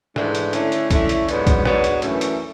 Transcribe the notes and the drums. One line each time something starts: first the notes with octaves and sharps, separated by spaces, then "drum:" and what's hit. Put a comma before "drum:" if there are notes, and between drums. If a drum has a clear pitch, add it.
G#2 E3 A3 D4, drum: rim click
drum: hi-hat
D3 A3 C#4 E4, drum: hi-hat
drum: hi-hat
D3 A3 C#4 E4, drum: kick, hi-hat
drum: hi-hat
G#2 F#3 B3 D4, drum: hi-hat
drum: kick, hi-hat
G#2 F#3 B3 D4, drum: rim click
drum: hi-hat
F#2 E3 A3, drum: hi-hat
drum: hi-hat